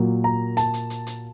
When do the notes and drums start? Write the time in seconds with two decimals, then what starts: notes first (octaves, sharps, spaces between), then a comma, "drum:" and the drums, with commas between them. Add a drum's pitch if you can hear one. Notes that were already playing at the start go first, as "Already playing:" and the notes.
Already playing: A#2 F#3 A#3
0.24 A#5
0.57 A5, drum: hi-hat
0.74 drum: hi-hat
0.90 drum: hi-hat
1.07 drum: hi-hat